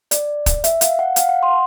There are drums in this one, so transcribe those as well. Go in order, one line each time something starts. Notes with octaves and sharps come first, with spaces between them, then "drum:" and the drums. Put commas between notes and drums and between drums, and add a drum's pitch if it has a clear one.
D5, drum: hi-hat
drum: kick, hi-hat
E5, drum: hi-hat
F5, drum: hi-hat
F#5
F5, drum: hi-hat
F#5
C6